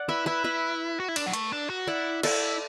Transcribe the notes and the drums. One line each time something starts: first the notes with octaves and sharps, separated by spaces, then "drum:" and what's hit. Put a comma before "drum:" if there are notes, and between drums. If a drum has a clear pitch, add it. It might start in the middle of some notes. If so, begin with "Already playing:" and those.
Already playing: D5 F#5
E4 B4 E5
E4 B4 E5
B4 E5
F#4
E4
D4, drum: cymbal
F#3
A3, drum: hi-hat
D4
F#4
E4 D5 F#5
E4 A4 D5, drum: cymbal